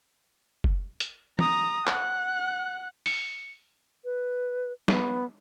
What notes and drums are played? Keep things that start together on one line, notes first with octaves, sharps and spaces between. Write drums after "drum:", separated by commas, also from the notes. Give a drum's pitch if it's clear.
drum: kick F#1
drum: hi-hat
A#5 D#6, drum: tom
F#5 F#6, drum: clap
C#7, drum: open hi-hat
B4
B3, drum: snare